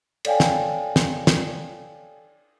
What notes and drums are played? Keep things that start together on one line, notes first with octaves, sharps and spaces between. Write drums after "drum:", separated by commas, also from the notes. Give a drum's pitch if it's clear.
A4 C#5 D5 F5 G5 G#5, drum: cymbal
drum: snare
drum: snare
drum: snare